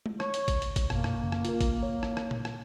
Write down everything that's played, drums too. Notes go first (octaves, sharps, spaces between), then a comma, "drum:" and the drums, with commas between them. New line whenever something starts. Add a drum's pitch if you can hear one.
drum: tom G#3
C#5 C#6, drum: rim click
drum: hi-hat
drum: kick G#1, hi-hat
drum: hi-hat
drum: kick G#1, hi-hat
F#2 B2 A#3, drum: rim click
drum: rim click
F#2 C#3
drum: rim click
F4 A#4, drum: hi-hat
drum: kick G#1, hi-hat
C#5
drum: rim click
drum: rim click
drum: tom A#2
drum: rim click